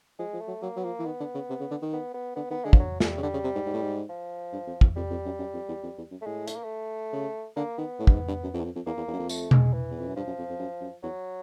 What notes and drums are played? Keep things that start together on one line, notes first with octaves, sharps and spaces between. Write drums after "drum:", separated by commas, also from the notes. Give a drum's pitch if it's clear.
F3 G#3
F3
A3
F#3
F#3 A#3
F#3 B3
F3 A#3
E3
D#3 B3
D3
C#3
C3
C#3
D3
D#3
B3
B3
D3 B3
D#3 B3
D3 G#3
F3, drum: kick
F#3
G3, drum: snare
C#3
D3 G3
C#3
C3
G#2
G#2
A2
G#2
F3
G2
F2
E2, drum: kick
F2 G3
F2
F#2
F#2
F2
E2
F2
E2
F#2
A3
A2 G#3
A3, drum: hi-hat
A#3
A3
C#3
D3 A#3
D#3 B3
A2
G2, drum: kick
G#2
G2
F#2
F2
E2
F2
F2
E2 A#3
E2
E2
F#2
F2
A3, drum: tambourine
G#3, drum: tom B2
E3
E2
F2
F#2
G2 F3
F#2
F2
F2
F#2
F#2
E2 F#3